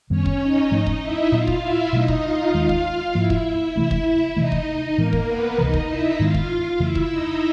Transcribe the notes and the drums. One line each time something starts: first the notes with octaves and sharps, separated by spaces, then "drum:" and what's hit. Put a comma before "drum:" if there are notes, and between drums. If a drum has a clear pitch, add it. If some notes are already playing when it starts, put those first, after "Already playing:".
F#2 D#3 G3 B3 C#4 C#5
drum: kick
D#4 D#5
G#2 F3 A3 C#4 D#4 D#5
drum: kick
E4 E5
A#2 F#3 B3 D4 F4 F5
drum: kick
E4 E5
B2 F#3 A3 D4 D#4 D#5
drum: kick
F4 F5
D#2 D#3 G#3 F4 F5
drum: kick
G#2 F3 A#3 E4 E5
drum: kick
C3 E3 A3 D4 E4 E5
drum: kick
C3 E3 A3 D#4 D#5
drum: kick
D#4 D#5
A2 E3 G#3 A#3 B3 A#4
drum: kick
B3 B4
C#2 C3 E3 D#4 D#5
drum: kick
E4 E5
G#2 D#3 G#3 B3 F4 F5
drum: kick
F4 F5
F2 C#3 E3 A3 E4 E5
drum: kick
D#4 D#5